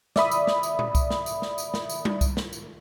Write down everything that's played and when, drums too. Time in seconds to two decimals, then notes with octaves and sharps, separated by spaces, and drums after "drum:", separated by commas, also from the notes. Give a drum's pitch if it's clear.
0.16 D5 E5 B5 D#6, drum: snare
0.32 drum: tambourine
0.47 drum: snare
0.63 drum: tambourine
0.79 drum: tom A#2
0.95 drum: kick C2, tambourine
1.10 drum: snare
1.26 drum: tambourine
1.42 drum: snare
1.58 drum: tambourine
1.74 drum: snare
1.89 drum: tambourine
2.05 drum: tom G3
2.21 drum: kick C2, tambourine
2.37 drum: snare
2.53 drum: tambourine